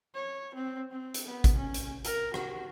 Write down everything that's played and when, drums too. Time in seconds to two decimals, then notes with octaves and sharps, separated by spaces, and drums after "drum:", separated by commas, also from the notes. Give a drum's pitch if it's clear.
0.14 C#5
0.55 C4
0.90 C4
1.14 drum: hi-hat
1.26 B3
1.44 drum: kick G#1, hi-hat
1.56 C#4
1.74 drum: hi-hat
2.04 A#4, drum: hi-hat
2.34 F#4, drum: rim click